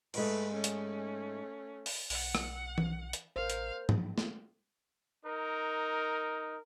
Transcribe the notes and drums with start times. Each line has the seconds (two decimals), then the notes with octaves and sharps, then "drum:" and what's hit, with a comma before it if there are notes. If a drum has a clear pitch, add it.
0.14 G#2 G#3 A3 B4, drum: cymbal
0.54 A3 C#4
0.64 drum: hi-hat
1.86 drum: open hi-hat
2.10 B1 F#5, drum: open hi-hat
2.35 drum: rim click
2.78 drum: tom E3
3.13 drum: hi-hat
3.36 A1 A#4 C5 F5
3.50 drum: hi-hat
3.89 drum: tom
4.18 drum: snare
5.25 D#4 A#4